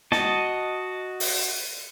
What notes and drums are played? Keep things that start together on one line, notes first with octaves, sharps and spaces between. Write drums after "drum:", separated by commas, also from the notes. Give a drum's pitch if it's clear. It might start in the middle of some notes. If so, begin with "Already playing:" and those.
F#4 D#5 A5, drum: snare
drum: open hi-hat